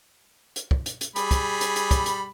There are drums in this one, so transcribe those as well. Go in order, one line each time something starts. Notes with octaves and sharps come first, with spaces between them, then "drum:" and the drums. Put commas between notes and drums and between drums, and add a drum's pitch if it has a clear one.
drum: hi-hat
drum: kick
drum: hi-hat
drum: hi-hat
G3 G#4 B5, drum: hi-hat
drum: kick, hi-hat
drum: hi-hat
drum: hi-hat
drum: kick, hi-hat
drum: hi-hat